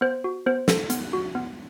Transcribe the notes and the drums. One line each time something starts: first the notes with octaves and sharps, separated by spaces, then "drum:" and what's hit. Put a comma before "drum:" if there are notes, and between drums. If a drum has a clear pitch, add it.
B3 C5
F#4
B3 C5
A4, drum: snare
B3, drum: hi-hat
F#4
B3